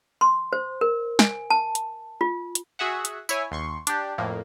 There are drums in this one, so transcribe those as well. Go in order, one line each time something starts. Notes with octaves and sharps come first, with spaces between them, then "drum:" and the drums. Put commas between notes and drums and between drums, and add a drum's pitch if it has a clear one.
C6
C5
A#4
G#5, drum: snare
A5
drum: hi-hat
F4
drum: hi-hat
F#4 G#4 E5 F#5
drum: hi-hat
E4 C#5 G#5, drum: tambourine
D#2 C6 C#6
D4 G4, drum: hi-hat
F2 A2 A#3